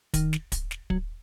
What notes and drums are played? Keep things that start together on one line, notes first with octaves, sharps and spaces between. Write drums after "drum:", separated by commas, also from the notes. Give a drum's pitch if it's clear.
D#3, drum: kick, hi-hat
drum: snare
drum: kick, hi-hat
drum: snare
F#3, drum: kick